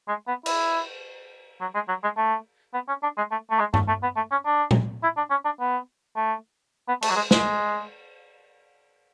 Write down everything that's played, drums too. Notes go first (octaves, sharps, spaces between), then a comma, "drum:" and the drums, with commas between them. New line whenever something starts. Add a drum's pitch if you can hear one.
G#3
B3
E4, drum: cymbal
F#3
G#3
F#3
G#3
A3
B3
C#4
D4
G#3
A3
A3
G#3
A3, drum: tom G2
A3
B3
A3
C#4
D4
drum: tom A#2
E4
D4
C#4
D4
B3
A3
B3
A3, drum: cymbal
F#3
G#3
G#3, drum: snare